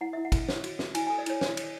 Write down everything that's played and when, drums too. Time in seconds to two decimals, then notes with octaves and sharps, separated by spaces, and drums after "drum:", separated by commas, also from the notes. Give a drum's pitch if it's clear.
0.01 E4 F#5
0.13 E4 E5
0.25 F#5
0.32 E4, drum: kick, cymbal
0.49 C#5, drum: snare
0.64 F#4, drum: cymbal
0.79 F#4, drum: snare
0.95 E4 G#5, drum: cymbal
1.07 A4 G#5
1.18 D5
1.26 E4 C#5, drum: cymbal
1.41 C#5, drum: snare
1.57 C#5, drum: cymbal